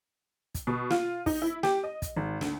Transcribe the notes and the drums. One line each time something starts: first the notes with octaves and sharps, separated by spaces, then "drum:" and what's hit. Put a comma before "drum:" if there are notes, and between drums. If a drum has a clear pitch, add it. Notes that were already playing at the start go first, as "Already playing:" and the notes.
drum: kick, hi-hat
B2
F4, drum: snare
D#4, drum: kick, open hi-hat
E4
G4, drum: snare
D#5
drum: kick, hi-hat
G#1
D2, drum: snare